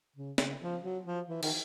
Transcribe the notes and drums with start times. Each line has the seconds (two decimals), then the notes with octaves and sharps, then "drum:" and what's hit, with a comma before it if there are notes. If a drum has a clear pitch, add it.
0.16 C#3
0.38 C#3, drum: snare
0.61 F3
0.83 F#3
1.05 F3
1.28 E3
1.43 D#3, drum: cymbal